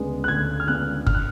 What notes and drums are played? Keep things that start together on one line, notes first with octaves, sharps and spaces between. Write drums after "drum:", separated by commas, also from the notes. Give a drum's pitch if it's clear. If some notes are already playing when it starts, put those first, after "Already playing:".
Already playing: D2 C#3 G#3 B3 D4
F#6
D2 G#6
F6
C#3 G#3 B3 D4 F#6
F6, drum: kick F#1
F#6